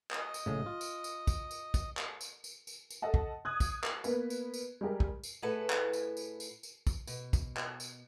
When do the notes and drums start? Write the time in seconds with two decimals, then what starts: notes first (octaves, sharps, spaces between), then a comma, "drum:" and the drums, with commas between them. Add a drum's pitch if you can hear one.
0.11 D#5, drum: clap
0.34 drum: tambourine
0.46 A#1 A2 C#3
0.66 F4
0.81 drum: tambourine
1.04 drum: tambourine
1.27 drum: kick, tambourine
1.51 drum: tambourine
1.74 drum: kick, tambourine
1.97 drum: clap
2.21 drum: tambourine
2.44 drum: tambourine
2.67 drum: tambourine
2.90 drum: tambourine
3.02 A4 D#5 F#5 A5
3.14 drum: kick
3.45 D#6 F#6 G#6
3.60 drum: kick, tambourine
3.84 drum: clap
4.04 A#3 B3 B4, drum: tambourine
4.30 drum: tambourine
4.54 drum: tambourine
4.81 G3 G#3 G4 A#4
5.00 drum: kick
5.23 drum: tambourine
5.42 A2 E4 G#4 A4 B4 F#5
5.70 drum: clap
5.93 drum: tambourine
6.17 drum: tambourine
6.40 drum: tambourine
6.63 drum: tambourine
6.87 drum: kick, tambourine
7.07 B2, drum: tambourine
7.33 drum: kick, tambourine
7.56 drum: clap
7.80 drum: tambourine